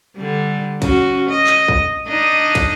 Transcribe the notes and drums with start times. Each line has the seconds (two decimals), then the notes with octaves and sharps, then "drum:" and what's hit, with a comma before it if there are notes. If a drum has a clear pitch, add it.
0.17 D3 G3
0.82 C#4 F#4, drum: kick, cymbal
1.29 D#5
1.47 drum: clap
1.68 drum: kick
2.08 D4 D#4 D#5
2.55 drum: kick, cymbal